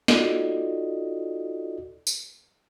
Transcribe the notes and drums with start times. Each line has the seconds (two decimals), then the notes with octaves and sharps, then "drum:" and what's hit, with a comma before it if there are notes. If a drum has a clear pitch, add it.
0.08 D#4 F4 F#4 A4 D5 D#5, drum: snare
2.07 drum: tambourine